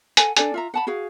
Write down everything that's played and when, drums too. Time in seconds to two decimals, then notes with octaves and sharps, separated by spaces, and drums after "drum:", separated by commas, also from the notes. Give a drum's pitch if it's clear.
0.17 A4 F#5 G#5, drum: hi-hat
0.37 D4 A4 D5 G#5, drum: hi-hat
0.54 F4 E5 A#5
0.74 F#5 A5 B5
0.87 F#4 G#4 F5